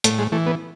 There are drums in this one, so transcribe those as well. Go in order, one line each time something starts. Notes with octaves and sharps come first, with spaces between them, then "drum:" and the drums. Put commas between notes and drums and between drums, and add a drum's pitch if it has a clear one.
A2 A3, drum: hi-hat
G#3
E3 A3
B3